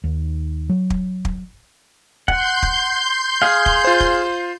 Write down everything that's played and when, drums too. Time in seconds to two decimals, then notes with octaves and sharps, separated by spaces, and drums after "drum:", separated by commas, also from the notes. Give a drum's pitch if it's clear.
0.04 D#2
0.69 F#3
0.90 drum: kick
1.25 drum: kick
2.28 F#5 C6 G6, drum: kick
2.63 drum: kick
3.42 G#4 F5
3.66 drum: kick
3.84 F4 C5
4.00 drum: kick